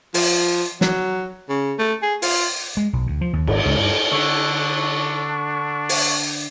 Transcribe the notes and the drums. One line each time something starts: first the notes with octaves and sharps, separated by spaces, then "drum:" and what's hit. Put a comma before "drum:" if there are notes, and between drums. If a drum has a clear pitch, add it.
F3, drum: open hi-hat
F#3, drum: snare
C#3
A3
G#4
F4, drum: open hi-hat
G#3
B1
D2
F3
D#2
G#1, drum: cymbal
C#2
G2
D3 D4 C#6
drum: open hi-hat